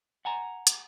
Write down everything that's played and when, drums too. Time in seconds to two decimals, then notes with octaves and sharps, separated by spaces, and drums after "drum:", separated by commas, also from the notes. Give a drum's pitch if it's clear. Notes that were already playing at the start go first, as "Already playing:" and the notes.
0.25 F#5 G#5 A#5
0.67 drum: hi-hat